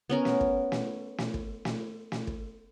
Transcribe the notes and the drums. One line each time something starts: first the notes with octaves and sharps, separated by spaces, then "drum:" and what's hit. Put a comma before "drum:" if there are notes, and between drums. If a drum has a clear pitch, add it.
B3 C#4 A#4
drum: snare
drum: kick
drum: snare
drum: snare
drum: kick
drum: snare
drum: snare
drum: kick